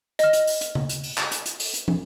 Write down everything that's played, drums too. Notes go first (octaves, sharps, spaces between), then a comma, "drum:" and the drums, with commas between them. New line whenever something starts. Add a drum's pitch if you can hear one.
D#5 F6, drum: hi-hat
drum: hi-hat
drum: open hi-hat
drum: hi-hat
drum: tom C#3
drum: hi-hat
drum: open hi-hat
drum: clap
drum: hi-hat
drum: hi-hat
drum: open hi-hat
drum: hi-hat
drum: tom